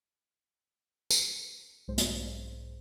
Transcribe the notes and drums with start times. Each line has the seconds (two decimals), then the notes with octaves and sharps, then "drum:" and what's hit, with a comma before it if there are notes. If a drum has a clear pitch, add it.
1.11 drum: tambourine
1.88 B1 G#2 G#3 C5
1.98 drum: hi-hat